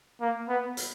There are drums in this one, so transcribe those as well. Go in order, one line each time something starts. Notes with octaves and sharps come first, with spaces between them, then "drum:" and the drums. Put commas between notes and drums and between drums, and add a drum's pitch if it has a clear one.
A#3
B3
drum: hi-hat